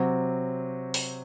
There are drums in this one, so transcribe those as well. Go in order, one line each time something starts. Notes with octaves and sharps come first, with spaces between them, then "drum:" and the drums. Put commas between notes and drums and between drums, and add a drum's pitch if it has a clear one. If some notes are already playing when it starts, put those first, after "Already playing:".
Already playing: C3 F#3 C4
drum: open hi-hat